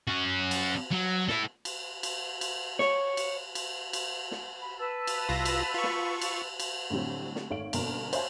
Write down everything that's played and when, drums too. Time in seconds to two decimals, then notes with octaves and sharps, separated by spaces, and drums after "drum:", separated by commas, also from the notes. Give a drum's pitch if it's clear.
0.08 C#4 F#4
0.51 drum: cymbal
0.91 F#3
1.29 E4 A4, drum: snare
1.65 drum: cymbal
2.03 drum: cymbal
2.41 drum: cymbal
2.79 C#5, drum: snare
3.17 drum: cymbal
3.55 drum: cymbal
3.93 drum: cymbal
4.31 drum: snare
4.60 B5
4.78 B4 A5 E6
5.07 drum: cymbal
5.29 C2 F4 A#6
5.45 drum: cymbal
5.74 F4 C#6
5.83 drum: snare
6.21 drum: cymbal
6.60 drum: cymbal
6.90 A2 D3 F#3 G3 C4
7.36 drum: snare
7.50 G#1 A3 C#5 F5 D7 F#7
7.73 G1 B2 A#3 C#4 A#4, drum: cymbal
8.13 C5 C#5 E5 F5 G#5 A5, drum: cymbal